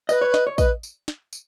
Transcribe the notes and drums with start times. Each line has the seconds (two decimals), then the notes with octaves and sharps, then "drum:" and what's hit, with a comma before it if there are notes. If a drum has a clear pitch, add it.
0.09 B4 D#5, drum: tambourine
0.21 C#5
0.34 D#5, drum: snare
0.47 C#5
0.58 B4 D#5, drum: kick, tambourine
0.83 drum: tambourine
1.08 drum: snare
1.33 drum: tambourine